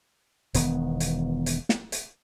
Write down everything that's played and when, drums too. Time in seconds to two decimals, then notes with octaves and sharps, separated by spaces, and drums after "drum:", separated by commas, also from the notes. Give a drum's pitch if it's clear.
0.54 E1 D#3 B3, drum: hi-hat
1.00 drum: hi-hat
1.46 drum: hi-hat
1.69 drum: snare
1.92 drum: hi-hat